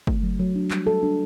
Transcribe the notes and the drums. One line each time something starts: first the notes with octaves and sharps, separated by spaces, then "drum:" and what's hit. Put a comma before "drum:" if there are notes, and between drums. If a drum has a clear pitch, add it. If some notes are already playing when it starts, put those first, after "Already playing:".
A3, drum: kick
F#3
F#3
D4
G3, drum: clap
A4
D4